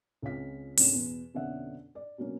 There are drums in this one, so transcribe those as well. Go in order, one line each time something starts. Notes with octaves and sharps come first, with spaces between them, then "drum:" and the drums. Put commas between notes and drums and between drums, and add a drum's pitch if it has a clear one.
C#2 C4 C#4 F4 F5 B6
A2 C#3 C4 C#4 E7, drum: open hi-hat
E2 B2
F2 B2 D3 C#4 E5 F#5
D5
B2 F#3 A#3 C#4